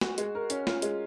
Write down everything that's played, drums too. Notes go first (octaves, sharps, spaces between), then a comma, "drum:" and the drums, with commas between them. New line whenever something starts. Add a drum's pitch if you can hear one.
F#4, drum: snare
G#3, drum: hi-hat
A#4
C#4, drum: hi-hat
F4, drum: snare
G#3, drum: hi-hat